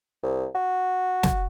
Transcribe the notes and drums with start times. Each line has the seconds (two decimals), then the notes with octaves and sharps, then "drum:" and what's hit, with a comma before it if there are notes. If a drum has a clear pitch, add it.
0.23 C2
0.55 F#4
1.23 drum: snare